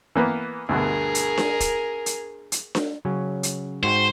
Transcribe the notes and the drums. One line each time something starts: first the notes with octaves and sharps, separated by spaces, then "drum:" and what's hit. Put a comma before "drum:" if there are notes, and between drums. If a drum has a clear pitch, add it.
E3 A#3 B3
D2 G2 B2 G#4 A#4
drum: hi-hat
drum: snare D4
drum: kick, hi-hat
drum: hi-hat
drum: hi-hat
drum: snare D4
C#3 F#3 C#4
drum: hi-hat
G#2 F#4 C5 G5